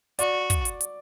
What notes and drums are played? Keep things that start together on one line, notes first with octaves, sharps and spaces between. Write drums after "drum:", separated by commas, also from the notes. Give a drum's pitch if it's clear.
F#4 D5, drum: hi-hat
drum: kick, hi-hat
drum: hi-hat
drum: hi-hat